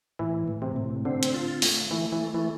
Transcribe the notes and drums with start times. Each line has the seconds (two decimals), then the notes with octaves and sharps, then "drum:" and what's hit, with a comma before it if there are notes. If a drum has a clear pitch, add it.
0.19 A2 E3
0.48 A2
0.62 C3
0.76 A2
1.05 D3 C4
1.23 drum: hi-hat
1.34 F4
1.62 A3, drum: open hi-hat
1.91 E3 A3
2.12 E3
2.20 A3
2.34 E3